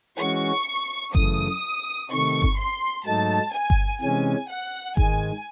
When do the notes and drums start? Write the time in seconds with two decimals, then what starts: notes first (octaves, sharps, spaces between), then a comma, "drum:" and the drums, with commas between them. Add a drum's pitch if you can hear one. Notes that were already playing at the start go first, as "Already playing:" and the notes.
0.18 E3 G#3 C#4 F#4 C#6
1.15 F#2 C#3 E3 A3 D#6, drum: kick G1
2.11 C3 D#3 A3 C#6
2.42 drum: kick G1
2.58 C6
3.06 G#2 F#3 A3 D#4 A5
3.54 G#5
3.70 drum: kick G1
4.01 C3 E3 G#3 C#4 G#5
4.50 F#5
4.97 G#2 D#3 G#3 G#5, drum: kick G1